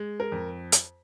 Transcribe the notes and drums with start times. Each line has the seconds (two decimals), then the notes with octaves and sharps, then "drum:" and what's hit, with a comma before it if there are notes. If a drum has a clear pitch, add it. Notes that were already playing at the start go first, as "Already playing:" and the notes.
Already playing: G#3
0.20 A#4
0.32 F2
0.72 drum: hi-hat